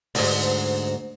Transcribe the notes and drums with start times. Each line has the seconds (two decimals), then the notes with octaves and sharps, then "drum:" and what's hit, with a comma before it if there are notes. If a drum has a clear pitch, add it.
0.15 D2 G#2, drum: open hi-hat